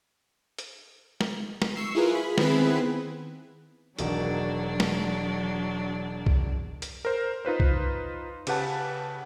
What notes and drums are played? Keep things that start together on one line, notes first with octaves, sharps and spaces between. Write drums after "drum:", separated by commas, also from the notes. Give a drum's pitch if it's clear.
drum: hi-hat
drum: snare
drum: snare
C#6 E6 C7
E4 F4 G#4 A#4 B4
G#4 B5
D#3 B3 C4 E4 G#4 B4, drum: snare
E1 B2 D#3 F#3 D4, drum: hi-hat
drum: snare
drum: kick B1
drum: hi-hat
A#4 C5
D#4 F4 B4 C5
drum: kick B1
C#3 G4 B4 F#5 A5, drum: cymbal